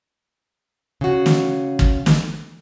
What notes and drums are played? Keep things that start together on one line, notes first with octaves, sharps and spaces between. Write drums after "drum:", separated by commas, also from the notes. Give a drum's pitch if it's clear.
C#3 F#4
drum: snare
drum: kick
drum: snare